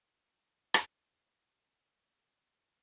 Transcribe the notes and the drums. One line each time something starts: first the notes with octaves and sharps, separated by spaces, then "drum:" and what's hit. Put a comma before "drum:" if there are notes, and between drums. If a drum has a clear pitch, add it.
D5 E5 G#5 A5
drum: rim click